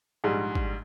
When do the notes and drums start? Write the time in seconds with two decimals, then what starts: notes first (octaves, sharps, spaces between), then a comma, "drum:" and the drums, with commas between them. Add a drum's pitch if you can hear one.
0.24 A#1 G#2 G3 G#4
0.55 drum: kick G#1